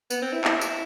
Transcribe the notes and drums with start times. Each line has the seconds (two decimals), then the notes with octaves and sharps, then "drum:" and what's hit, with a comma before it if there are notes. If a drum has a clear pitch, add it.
0.10 B3, drum: tambourine
0.22 C4
0.33 E4
0.44 E4, drum: clap
0.61 drum: tambourine